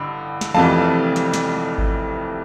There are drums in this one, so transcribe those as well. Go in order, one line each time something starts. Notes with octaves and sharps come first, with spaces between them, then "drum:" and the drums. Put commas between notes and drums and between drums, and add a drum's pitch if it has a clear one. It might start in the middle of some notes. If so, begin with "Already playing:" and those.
Already playing: A1 G2 D3
drum: snare
F1 F2 C3 E3 F5 A5, drum: tom E3
drum: snare
drum: snare
drum: kick G#1